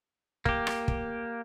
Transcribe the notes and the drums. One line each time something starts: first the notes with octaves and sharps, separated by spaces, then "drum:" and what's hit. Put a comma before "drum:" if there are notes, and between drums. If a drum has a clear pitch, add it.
A#3 G4, drum: kick
drum: rim click
drum: kick